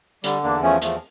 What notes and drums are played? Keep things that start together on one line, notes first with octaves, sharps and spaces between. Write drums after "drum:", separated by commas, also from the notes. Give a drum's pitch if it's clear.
D3 G3, drum: hi-hat
E2 A#3 D4
F3 A3 C#4
E2 F3 A3, drum: hi-hat